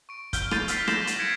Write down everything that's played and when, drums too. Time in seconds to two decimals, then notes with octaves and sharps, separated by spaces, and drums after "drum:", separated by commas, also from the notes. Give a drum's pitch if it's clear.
0.09 C#6 D7
0.33 E6 F6 G6 G7, drum: kick, hi-hat
0.51 G6 A6 C7 D#7 F7, drum: rim click
0.68 E6 F6 B6 C7, drum: hi-hat
0.88 G6 A6 A#6 C7 E7 F#7, drum: rim click
1.07 drum: hi-hat
1.19 G#6 B6 C#7 D7 E7